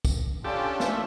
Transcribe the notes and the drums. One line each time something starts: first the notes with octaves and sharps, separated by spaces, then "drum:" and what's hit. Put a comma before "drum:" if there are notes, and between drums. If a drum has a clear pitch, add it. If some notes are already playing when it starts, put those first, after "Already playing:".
drum: kick, tambourine
C#4 D4 F4 G4 A4
A3 E5, drum: snare